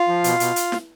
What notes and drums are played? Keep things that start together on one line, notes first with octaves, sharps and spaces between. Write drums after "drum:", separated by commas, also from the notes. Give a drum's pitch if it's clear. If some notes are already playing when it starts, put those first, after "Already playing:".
Already playing: F4 F5
F3
B2, drum: hi-hat
B2, drum: hi-hat
drum: hi-hat
drum: snare